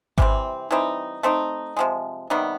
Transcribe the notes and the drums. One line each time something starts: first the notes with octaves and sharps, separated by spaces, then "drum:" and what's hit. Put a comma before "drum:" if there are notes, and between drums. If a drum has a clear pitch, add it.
C3 E3 G3 C4, drum: kick G#1
E3 G3 C4 D#4
A3 C4 D#4
C3 F3 G#3
C3 D#3 G3 B3